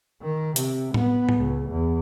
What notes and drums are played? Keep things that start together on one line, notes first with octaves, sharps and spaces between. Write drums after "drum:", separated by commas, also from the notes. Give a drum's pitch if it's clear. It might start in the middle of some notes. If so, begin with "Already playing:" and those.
D#3
C3, drum: hi-hat
B3, drum: tom A2
drum: tom A2
C#2
E2